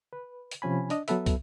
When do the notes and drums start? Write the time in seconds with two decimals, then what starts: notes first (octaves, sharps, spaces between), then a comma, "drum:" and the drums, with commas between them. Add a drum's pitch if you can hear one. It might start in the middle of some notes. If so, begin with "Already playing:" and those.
0.13 B4
0.51 drum: hi-hat
0.62 C3 F3 C#4 G#5 B5
0.90 D4 D#5, drum: hi-hat
1.08 F#3 B3 A4 B4 E5, drum: hi-hat
1.26 drum: kick, hi-hat